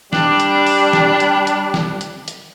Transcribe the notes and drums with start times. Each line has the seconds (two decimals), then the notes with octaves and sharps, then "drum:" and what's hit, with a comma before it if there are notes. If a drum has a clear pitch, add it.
0.13 G3 D4, drum: snare
0.40 drum: hi-hat
0.66 drum: open hi-hat
0.93 drum: snare
1.20 drum: hi-hat
1.47 drum: hi-hat
1.74 drum: snare
2.01 drum: hi-hat
2.28 drum: hi-hat